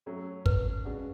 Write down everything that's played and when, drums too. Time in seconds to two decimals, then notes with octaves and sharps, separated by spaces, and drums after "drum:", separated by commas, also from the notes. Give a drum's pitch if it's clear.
0.06 F#3 A3 C#4
0.46 B4, drum: kick
0.85 C#3 G#3 D4 F#4